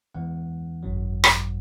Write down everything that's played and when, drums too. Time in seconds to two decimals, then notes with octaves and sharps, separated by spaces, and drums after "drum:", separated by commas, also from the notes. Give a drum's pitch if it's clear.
0.14 E2 E3 G#3 F#5
0.83 G#1 F#2 F#3
1.24 drum: rim click